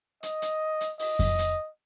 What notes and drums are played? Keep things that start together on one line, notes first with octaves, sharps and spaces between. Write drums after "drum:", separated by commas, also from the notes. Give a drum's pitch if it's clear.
D#5, drum: hi-hat
drum: hi-hat
drum: hi-hat
D#5, drum: open hi-hat
drum: kick F2, open hi-hat
drum: hi-hat